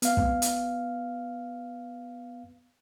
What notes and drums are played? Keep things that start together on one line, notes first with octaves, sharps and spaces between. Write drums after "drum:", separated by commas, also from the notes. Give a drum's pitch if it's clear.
B3 F5, drum: hi-hat
drum: kick
drum: hi-hat